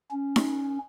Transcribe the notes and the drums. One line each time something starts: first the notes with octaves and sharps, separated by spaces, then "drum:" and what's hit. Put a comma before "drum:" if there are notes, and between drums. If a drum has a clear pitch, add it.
C#4
drum: snare D#4